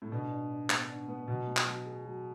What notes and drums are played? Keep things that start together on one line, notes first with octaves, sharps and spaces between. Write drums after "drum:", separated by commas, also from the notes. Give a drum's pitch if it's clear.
A2
B2 D4
D4
D4
B3, drum: clap
D4
B3
B2 F#3
B3
drum: clap
F#3
G#4
F#3